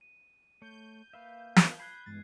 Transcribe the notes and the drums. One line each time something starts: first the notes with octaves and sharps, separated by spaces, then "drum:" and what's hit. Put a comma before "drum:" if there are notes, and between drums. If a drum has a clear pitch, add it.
D#7
A3 C#5 G6
A#3 B4 E5 F5
drum: snare
B5 F#6 G#6 C7
E2 G2 G#3 A6